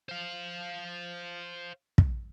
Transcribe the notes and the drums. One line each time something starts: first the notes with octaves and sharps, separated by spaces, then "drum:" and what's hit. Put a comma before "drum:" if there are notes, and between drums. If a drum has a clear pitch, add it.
C5 F5
drum: kick